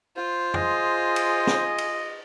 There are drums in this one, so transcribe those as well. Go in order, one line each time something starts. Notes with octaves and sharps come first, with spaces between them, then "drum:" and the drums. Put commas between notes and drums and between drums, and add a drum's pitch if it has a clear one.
F4 C5
G#4 D#5, drum: tom F2
drum: cymbal
drum: snare
drum: cymbal